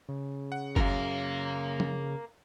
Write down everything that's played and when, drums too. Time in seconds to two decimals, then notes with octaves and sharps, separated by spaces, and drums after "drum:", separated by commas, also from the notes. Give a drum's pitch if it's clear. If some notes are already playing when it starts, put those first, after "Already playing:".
0.09 C#3
0.52 F#5
0.76 F#2 A#4 F5, drum: kick F#1
1.80 drum: tom F3